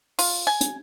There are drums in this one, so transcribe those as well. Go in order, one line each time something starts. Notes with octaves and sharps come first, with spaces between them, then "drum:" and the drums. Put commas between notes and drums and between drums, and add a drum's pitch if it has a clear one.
F4, drum: open hi-hat
G#5
drum: hi-hat